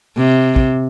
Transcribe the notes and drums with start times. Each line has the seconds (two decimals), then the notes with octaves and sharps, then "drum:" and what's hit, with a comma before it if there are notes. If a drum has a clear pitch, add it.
0.17 C3
0.56 drum: kick